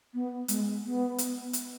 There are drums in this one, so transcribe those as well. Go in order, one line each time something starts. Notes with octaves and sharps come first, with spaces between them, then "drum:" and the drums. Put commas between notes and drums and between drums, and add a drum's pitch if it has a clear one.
B3
G#3, drum: hi-hat
B3
drum: hi-hat
drum: hi-hat